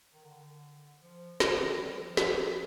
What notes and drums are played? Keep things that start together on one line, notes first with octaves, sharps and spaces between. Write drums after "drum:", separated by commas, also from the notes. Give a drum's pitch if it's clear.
D#3
D3
F3
D3, drum: snare
D#3
G3
F3
drum: snare